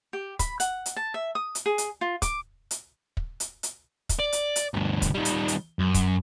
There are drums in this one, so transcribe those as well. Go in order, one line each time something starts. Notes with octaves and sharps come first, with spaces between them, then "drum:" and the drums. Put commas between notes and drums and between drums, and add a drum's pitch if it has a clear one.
G4
B5, drum: kick, hi-hat
F#5, drum: hi-hat
drum: hi-hat
A5
E5
D#6
drum: hi-hat
G#4
drum: hi-hat
F4
D6, drum: kick, hi-hat
drum: hi-hat
drum: kick
drum: hi-hat
drum: hi-hat
drum: kick, hi-hat
D5
drum: hi-hat
drum: hi-hat
D2 G2
drum: kick, hi-hat
D#3 G3
drum: hi-hat
drum: hi-hat
F#2
drum: kick, hi-hat